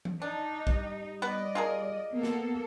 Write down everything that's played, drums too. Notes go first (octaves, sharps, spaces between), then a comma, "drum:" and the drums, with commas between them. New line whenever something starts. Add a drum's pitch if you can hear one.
drum: tom E3
D4 D#4
G3, drum: kick
B3 B4 D5 D#5
F4 G#4 A#4
A#3 B3 A4
drum: snare